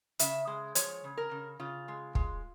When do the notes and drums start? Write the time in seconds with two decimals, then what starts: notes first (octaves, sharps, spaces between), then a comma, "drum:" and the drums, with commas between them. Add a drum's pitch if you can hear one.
0.19 C#3 E5, drum: hi-hat
0.47 G#3
0.75 F3 C#5, drum: hi-hat
1.04 C#3
1.17 A#4
1.31 C#3
1.60 C#3 F4
1.88 G#3
2.15 G#3, drum: kick